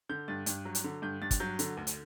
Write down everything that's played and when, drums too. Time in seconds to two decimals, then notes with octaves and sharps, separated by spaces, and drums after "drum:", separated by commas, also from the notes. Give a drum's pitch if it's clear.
0.09 D3 G6
0.28 G2 A6
0.46 G2, drum: hi-hat
0.65 F#3
0.75 drum: hi-hat
0.84 D3
1.02 G2 G6
1.22 G2 A6
1.31 drum: kick, hi-hat
1.40 F#3 G6
1.59 D3, drum: hi-hat
1.77 D2
1.87 drum: hi-hat